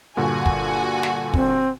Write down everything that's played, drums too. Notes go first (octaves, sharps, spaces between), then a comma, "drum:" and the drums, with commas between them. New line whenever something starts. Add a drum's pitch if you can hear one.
G2 A#2 D3 F#4 G#5
drum: kick
drum: snare
C4, drum: kick